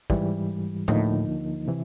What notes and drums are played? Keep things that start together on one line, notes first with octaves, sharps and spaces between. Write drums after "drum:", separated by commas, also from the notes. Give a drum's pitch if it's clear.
G#2 E3 G3, drum: kick
D2 A2 D3 F3 A#3 D#4, drum: tom
C3 E3